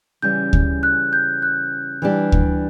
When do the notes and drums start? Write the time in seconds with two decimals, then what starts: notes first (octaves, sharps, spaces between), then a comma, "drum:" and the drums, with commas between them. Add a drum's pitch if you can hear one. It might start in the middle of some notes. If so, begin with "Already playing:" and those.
0.22 C#3 E3 G3 C#4 G6
0.53 drum: kick D2
0.83 F#6
1.13 G6
1.42 F#6
2.02 E3 G3 D4 G4
2.32 drum: kick D2